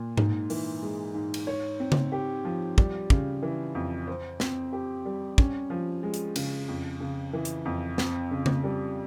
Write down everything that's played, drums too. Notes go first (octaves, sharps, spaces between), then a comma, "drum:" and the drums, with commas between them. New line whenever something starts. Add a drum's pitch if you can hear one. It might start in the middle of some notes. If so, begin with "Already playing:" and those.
Already playing: A#2
G#2, drum: tom G#2
E3, drum: open hi-hat
G#3
G#2
drum: cymbal
C#5
C4
drum: tom C#3
G4
F3
G3, drum: kick
C#3, drum: kick
E3
F2
C5
C4, drum: snare
G4
G3
C#4, drum: kick
F3
G#3
drum: hi-hat
C#3, drum: cymbal
F2
C#3
E3
drum: hi-hat
F2
C4, drum: snare
C#3
drum: tom C#3
G3